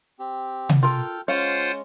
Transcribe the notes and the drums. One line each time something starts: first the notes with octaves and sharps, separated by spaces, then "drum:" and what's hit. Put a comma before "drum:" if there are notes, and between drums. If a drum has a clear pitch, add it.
C4 G4
drum: tom C3
F4 A4 A#4 G5 F6
G#3 C#4 F4 C5 F5 F#5